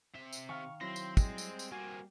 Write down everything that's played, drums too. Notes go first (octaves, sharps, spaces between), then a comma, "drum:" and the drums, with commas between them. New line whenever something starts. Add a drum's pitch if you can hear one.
C3 E5
drum: tambourine
D#3 F5 C#6
F#3 C4 E4 C6 A#6
drum: tambourine
G3 G#3, drum: kick, tambourine
drum: tambourine
drum: tambourine
A#3 C4 F#4 G#5